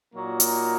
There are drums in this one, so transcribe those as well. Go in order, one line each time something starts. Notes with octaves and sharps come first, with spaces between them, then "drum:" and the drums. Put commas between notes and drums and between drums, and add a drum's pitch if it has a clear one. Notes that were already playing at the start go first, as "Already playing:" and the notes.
A#2 F#3 A#3 D#4
drum: hi-hat